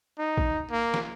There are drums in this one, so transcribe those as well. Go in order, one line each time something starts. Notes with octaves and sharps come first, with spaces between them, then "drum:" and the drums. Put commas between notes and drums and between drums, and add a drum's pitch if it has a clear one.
D#4
drum: kick A#1
A#3
drum: snare